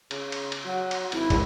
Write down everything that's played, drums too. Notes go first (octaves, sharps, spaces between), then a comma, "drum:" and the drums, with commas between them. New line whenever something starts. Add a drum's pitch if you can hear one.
C#3, drum: cymbal
drum: cymbal
drum: cymbal
F#3 F#5
drum: cymbal
G#1 E4, drum: cymbal
C#2, drum: kick, cymbal